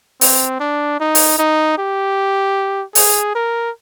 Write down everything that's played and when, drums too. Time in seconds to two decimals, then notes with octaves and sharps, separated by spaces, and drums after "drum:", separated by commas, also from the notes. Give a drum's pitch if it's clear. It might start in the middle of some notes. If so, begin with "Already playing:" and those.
0.21 C4, drum: open hi-hat
0.60 D4
1.00 D#4
1.15 drum: open hi-hat
1.39 D#4
1.78 G4
2.95 G#4, drum: open hi-hat
3.35 A#4